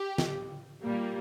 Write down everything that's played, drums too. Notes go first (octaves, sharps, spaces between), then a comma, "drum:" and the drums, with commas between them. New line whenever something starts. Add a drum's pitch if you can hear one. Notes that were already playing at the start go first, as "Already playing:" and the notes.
Already playing: G4
drum: snare
A#2 G3 A#3